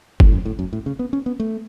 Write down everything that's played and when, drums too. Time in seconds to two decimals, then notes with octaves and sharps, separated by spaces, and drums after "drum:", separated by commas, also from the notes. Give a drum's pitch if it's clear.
0.20 A2, drum: kick G1
0.32 F#2
0.45 A2
0.59 F#2
0.73 A2
0.86 C#3
0.99 B3
1.13 C#4
1.26 B3
1.40 A3